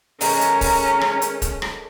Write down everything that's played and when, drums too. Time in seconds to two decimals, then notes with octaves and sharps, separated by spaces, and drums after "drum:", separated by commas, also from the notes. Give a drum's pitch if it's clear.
0.21 D#3 G#3 A3 C#4 A#5, drum: open hi-hat
0.41 drum: hi-hat
0.61 drum: kick, open hi-hat
1.01 drum: rim click
1.22 drum: hi-hat
1.42 drum: kick, hi-hat
1.62 drum: rim click